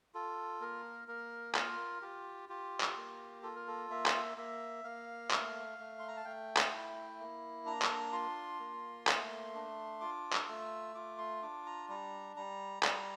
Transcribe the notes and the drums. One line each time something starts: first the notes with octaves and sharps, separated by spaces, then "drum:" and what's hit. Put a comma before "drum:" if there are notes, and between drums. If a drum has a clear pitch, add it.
F4 A4
A#3 A#4
A#3 A#4
F4 A#4, drum: clap
F4 G4
F4 G4
drum: clap
A#3
F4 A4
A#4
A4
A#3 E5
drum: clap
A#3 E5
A#3 F5
A3, drum: clap
A3
C6
A#5
A5
A3 G5
drum: clap
E4
A#3
D4 A#5
drum: clap
F4 C6
A#3
A3, drum: clap
D4
F4 D6
drum: clap
A3 E6
F4 D6
C6
D4 D6
A#5
G3 A#5
G3 A#5
G3 A#5, drum: clap